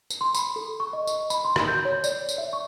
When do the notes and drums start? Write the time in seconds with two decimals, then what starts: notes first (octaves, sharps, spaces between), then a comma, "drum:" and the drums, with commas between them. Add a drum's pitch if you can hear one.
0.10 drum: tambourine
0.21 C6
0.35 B5, drum: tambourine
0.56 A4
0.80 C#6
0.93 D#5
1.07 drum: tambourine
1.30 B5, drum: tambourine
1.45 C6
1.56 drum: rim click
1.68 G6
1.85 C#5
2.04 D5, drum: tambourine
2.29 drum: tambourine
2.38 E5
2.53 C#6